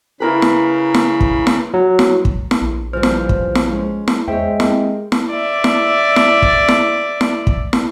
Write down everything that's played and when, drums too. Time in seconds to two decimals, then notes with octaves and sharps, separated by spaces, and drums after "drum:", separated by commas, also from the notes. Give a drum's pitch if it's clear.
0.20 C#3 E4 A#4 B4 B5
0.42 drum: snare
0.94 drum: snare
1.21 drum: kick
1.47 drum: snare
1.74 F#3
1.99 drum: snare
2.25 drum: kick
2.51 drum: snare
2.62 A#1
2.93 C#3 E3 F3 G3 C5 F6
3.03 drum: snare
3.29 drum: kick
3.55 drum: snare
3.71 G#3 C#4
4.08 drum: snare
4.28 E2 G#3 C5 C#5 E5 G5
4.60 C4 G4 A#4, drum: snare
5.12 drum: snare
5.30 D5 E5
5.64 drum: snare
6.16 drum: snare
6.42 drum: kick
6.68 drum: snare
7.21 drum: snare
7.47 drum: kick
7.73 drum: snare